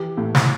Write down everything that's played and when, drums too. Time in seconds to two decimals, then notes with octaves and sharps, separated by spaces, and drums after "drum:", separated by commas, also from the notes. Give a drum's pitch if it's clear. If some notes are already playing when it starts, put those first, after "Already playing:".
Already playing: E3 G4
0.17 A2
0.35 drum: snare